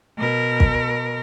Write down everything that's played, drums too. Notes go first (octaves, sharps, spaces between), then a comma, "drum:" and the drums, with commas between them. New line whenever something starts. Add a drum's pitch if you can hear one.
B2 A#4
drum: kick